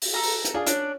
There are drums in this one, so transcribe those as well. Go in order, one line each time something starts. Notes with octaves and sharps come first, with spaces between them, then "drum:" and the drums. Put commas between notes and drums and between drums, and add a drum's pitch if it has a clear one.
drum: open hi-hat
A4 A#5
drum: open hi-hat
drum: hi-hat
D4 F4 G#4
C#4 D4 D5, drum: hi-hat